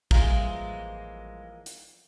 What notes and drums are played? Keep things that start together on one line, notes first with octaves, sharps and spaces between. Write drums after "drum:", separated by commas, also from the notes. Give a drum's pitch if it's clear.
A1 E3 F3 G3 G#3 A#3 A#4, drum: kick
drum: hi-hat